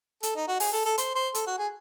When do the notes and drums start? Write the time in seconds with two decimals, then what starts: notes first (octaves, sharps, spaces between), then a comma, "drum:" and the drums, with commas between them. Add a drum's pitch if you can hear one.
0.23 A4, drum: hi-hat
0.36 D#4
0.48 F#4
0.60 G#4, drum: open hi-hat
0.73 A4
0.85 A4
0.98 C5, drum: hi-hat
1.15 C5
1.35 A4, drum: hi-hat
1.47 F#4
1.58 G#4